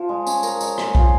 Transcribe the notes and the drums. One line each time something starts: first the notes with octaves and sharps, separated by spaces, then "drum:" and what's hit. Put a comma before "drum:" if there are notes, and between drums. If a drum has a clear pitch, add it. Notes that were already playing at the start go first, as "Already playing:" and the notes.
Already playing: F3
G#3
C#4, drum: tambourine
A#4, drum: tambourine
G#3, drum: tambourine
G#3, drum: rim click
F4, drum: kick A#1